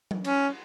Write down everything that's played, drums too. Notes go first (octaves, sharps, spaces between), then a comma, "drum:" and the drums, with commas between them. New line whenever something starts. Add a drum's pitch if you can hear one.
drum: tom F#3
C#4, drum: cymbal